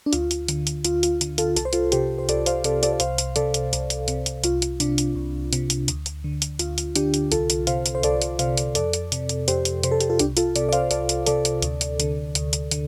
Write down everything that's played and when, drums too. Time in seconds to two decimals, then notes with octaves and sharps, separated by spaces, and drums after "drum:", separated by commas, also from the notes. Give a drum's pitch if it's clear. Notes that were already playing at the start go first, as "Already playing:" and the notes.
0.06 D4
0.13 D2 F4, drum: hi-hat
0.31 drum: hi-hat
0.48 D3, drum: hi-hat
0.67 drum: hi-hat
0.85 D2 F4, drum: hi-hat
1.03 F4, drum: hi-hat
1.21 D3, drum: hi-hat
1.38 F4 A4, drum: hi-hat
1.56 C2 A4, drum: hi-hat
1.65 C5
1.73 F4 A4, drum: hi-hat
1.92 C3 G4 C5, drum: hi-hat
2.19 C5
2.29 C2 A4 D5, drum: hi-hat
2.46 C5 F5, drum: hi-hat
2.64 C3 A4 D5, drum: hi-hat
2.83 A4 D5, drum: hi-hat
2.93 D5
3.00 C2 C5 F5, drum: hi-hat
3.18 drum: hi-hat
3.36 C3 A4 D5, drum: hi-hat
3.54 drum: hi-hat
3.73 C2, drum: hi-hat
3.90 drum: hi-hat
4.08 C3, drum: hi-hat
4.26 drum: hi-hat
4.44 C2 F4, drum: hi-hat
4.62 drum: hi-hat
4.80 C3 D4, drum: hi-hat
4.98 drum: hi-hat
5.16 C2
5.53 C3, drum: hi-hat
5.70 drum: hi-hat
5.88 D2, drum: hi-hat
6.06 drum: hi-hat
6.24 D3
6.42 drum: hi-hat
6.59 D2 F4, drum: hi-hat
6.78 drum: hi-hat
6.96 D3 D4 G4, drum: hi-hat
7.14 drum: hi-hat
7.32 C2 F4 A4, drum: hi-hat
7.50 drum: hi-hat
7.67 C3 C5 F5, drum: hi-hat
7.86 drum: hi-hat
7.95 C5
8.03 C2 A4 D5, drum: hi-hat
8.22 drum: hi-hat
8.39 C3 C5 F5, drum: hi-hat
8.57 drum: hi-hat
8.75 F2 A4 D5, drum: hi-hat
8.93 drum: hi-hat
9.12 C3, drum: hi-hat
9.29 drum: hi-hat
9.48 F2 G4 C5, drum: hi-hat
9.65 drum: hi-hat
9.83 C3 C5, drum: hi-hat
9.91 A4
10.00 G4, drum: hi-hat
10.10 F4 A4
10.19 C2 D4 G4, drum: hi-hat
10.37 F4 A4, drum: hi-hat
10.56 C3 A4 D5, drum: hi-hat
10.69 D5
10.73 C5 F5, drum: hi-hat
10.91 C2 A4 D5, drum: hi-hat
11.09 drum: hi-hat
11.26 C3 A4 D5, drum: hi-hat
11.45 drum: hi-hat
11.62 D2, drum: hi-hat
11.81 drum: hi-hat
12.00 D3, drum: hi-hat
12.35 D2, drum: hi-hat
12.53 drum: hi-hat
12.71 D3, drum: hi-hat